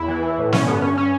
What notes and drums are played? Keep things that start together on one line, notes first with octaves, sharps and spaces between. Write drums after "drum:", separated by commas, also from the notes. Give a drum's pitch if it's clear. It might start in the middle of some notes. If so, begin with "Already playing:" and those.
Already playing: E2 E4
E3
E3
A2
D3 C#4, drum: snare
G2 B3
G2 C#4
C#4